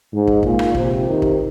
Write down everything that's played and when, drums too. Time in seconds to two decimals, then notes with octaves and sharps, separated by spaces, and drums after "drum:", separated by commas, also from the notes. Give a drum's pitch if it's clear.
0.12 G#2
0.27 drum: kick
0.43 A#2, drum: kick
0.59 drum: rim click
0.75 C3, drum: kick
1.06 C3 D#3
1.22 drum: kick